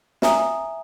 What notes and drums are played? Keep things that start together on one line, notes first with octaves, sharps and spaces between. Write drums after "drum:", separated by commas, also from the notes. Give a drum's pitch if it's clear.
E5 G#5 A#5 D#6, drum: snare